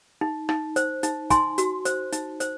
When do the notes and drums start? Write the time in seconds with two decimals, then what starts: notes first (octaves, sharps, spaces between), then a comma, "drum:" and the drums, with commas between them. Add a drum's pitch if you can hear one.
0.21 D#4
0.49 D#4, drum: rim click
0.76 C5, drum: hi-hat
1.03 D#4, drum: hi-hat
1.30 D#4 G#5 C6, drum: kick, hi-hat
1.58 F#4, drum: hi-hat
1.85 C5, drum: hi-hat
2.13 D#4, drum: hi-hat
2.40 C5, drum: hi-hat